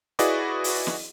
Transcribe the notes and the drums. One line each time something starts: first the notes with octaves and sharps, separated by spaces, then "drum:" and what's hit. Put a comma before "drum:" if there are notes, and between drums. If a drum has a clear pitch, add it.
E4 F#4 G#4 B4 D5 D#5, drum: hi-hat
drum: open hi-hat
drum: snare